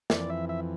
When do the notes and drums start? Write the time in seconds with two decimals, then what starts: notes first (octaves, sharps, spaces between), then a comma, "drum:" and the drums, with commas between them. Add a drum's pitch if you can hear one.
0.10 F2 E3 D5, drum: snare
0.30 E5
0.49 E5